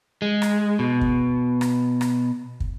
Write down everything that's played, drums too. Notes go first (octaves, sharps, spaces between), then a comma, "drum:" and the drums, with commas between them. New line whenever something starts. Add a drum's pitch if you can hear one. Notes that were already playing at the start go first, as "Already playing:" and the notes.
G#3
drum: rim click
B2
drum: kick
drum: rim click
drum: rim click
drum: kick